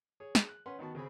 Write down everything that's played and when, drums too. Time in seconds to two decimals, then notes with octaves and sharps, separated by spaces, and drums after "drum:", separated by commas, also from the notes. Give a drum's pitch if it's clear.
0.20 G#4 C#5
0.35 G#4, drum: snare
0.49 F#6
0.66 C#4 B4 F#5 C6
0.79 D#3 B3 F#4 A5
0.95 C#3 C4 G#4 B5